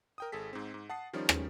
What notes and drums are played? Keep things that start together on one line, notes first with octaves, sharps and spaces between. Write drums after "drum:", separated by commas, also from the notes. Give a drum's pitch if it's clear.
A#4 G5 D#6
G#1 G#4 A4 B6
G#2 C4
G#2
F#5 A5 D#6 C7
D#3 F3 G3 C#4 D#4
drum: rim click